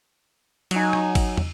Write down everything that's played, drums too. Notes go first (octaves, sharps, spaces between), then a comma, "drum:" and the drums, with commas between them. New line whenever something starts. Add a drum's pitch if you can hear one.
F#3 D#4 G#5, drum: cymbal
drum: rim click
drum: kick, cymbal
drum: tom